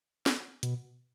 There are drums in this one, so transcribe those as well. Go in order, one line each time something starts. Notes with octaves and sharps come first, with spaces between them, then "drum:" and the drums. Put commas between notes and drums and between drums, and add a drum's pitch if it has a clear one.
drum: snare
B2, drum: hi-hat